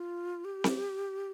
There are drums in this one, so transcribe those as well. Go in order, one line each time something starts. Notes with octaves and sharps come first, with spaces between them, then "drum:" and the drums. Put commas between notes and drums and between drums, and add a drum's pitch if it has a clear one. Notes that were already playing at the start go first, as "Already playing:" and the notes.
Already playing: F4
G4
drum: snare C4